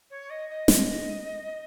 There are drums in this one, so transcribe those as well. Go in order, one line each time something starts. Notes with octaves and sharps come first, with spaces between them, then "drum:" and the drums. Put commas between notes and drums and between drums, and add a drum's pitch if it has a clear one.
C#5
D#5
D#5
drum: snare